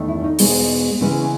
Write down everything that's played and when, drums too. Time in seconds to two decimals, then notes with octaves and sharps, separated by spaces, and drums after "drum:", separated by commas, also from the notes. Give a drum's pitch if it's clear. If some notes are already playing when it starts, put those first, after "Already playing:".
Already playing: E2 D#3 A3
0.08 E4
0.20 C#4
0.24 D#4
0.39 E2 B2 G#3 B3, drum: open hi-hat
1.01 C#3 E3 G#3 B3 C#4